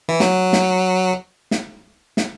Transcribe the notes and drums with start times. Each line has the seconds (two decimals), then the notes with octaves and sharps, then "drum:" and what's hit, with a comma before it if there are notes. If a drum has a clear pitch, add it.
0.09 E3
0.20 F#3, drum: snare
0.53 drum: snare
1.51 drum: snare
2.17 drum: snare